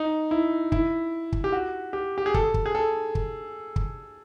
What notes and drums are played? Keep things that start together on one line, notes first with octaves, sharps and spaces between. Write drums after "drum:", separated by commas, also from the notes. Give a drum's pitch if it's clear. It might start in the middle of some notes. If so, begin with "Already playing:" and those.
Already playing: D#4
E4
E4, drum: kick
drum: kick
G4
F#4
G4
G4
G#4
A4, drum: kick
drum: kick
G#4
A4
drum: kick
drum: kick